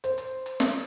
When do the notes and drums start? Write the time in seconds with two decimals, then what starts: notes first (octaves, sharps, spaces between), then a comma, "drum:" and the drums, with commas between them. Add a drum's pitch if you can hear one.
0.04 C5, drum: hi-hat
0.18 drum: hi-hat
0.46 drum: hi-hat
0.60 drum: snare